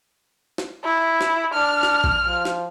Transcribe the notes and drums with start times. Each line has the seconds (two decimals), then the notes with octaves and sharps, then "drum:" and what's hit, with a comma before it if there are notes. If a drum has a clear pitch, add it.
0.58 drum: snare
0.85 E4
1.21 drum: snare
1.53 D4 F6
1.83 drum: snare
2.04 drum: kick A#1
2.25 F3
2.45 drum: snare